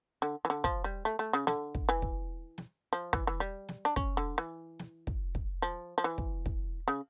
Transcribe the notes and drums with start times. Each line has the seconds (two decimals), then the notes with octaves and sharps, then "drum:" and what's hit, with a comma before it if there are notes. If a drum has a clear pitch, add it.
0.22 D3
0.45 E3
0.50 D3
0.64 F3, drum: kick
0.84 G3
1.05 A3
1.19 A3
1.33 C#3
1.47 D3, drum: snare
1.75 drum: kick
1.89 E3
2.02 drum: kick
2.58 drum: snare
2.93 F3
3.13 E3, drum: kick
3.27 E3
3.40 G3
3.69 drum: snare
3.85 D4
3.96 C#4, drum: kick
4.17 D3
4.38 E3
4.79 drum: snare
5.07 drum: kick
5.35 drum: kick
5.62 F3
5.98 F3
6.04 E3
6.18 drum: kick
6.46 drum: kick
6.88 C#3